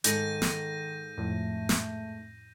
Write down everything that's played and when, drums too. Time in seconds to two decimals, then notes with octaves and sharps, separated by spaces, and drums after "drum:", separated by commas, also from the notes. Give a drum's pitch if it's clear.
0.04 G#2 D#3 D#4 A4 G6 A#6 D#7, drum: hi-hat
0.42 drum: snare
1.18 F2 A2 A3
1.69 drum: snare